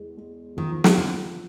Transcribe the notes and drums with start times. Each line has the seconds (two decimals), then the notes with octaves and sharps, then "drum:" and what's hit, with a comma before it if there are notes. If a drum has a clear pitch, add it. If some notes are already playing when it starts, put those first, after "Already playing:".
Already playing: E2 G#3
0.17 G#3
0.57 D#3 F3
0.84 drum: snare
0.98 D3 F3